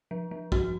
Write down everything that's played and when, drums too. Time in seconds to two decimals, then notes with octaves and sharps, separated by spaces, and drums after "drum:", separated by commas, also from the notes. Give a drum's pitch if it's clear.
0.11 F3
0.31 F3
0.52 F#4, drum: kick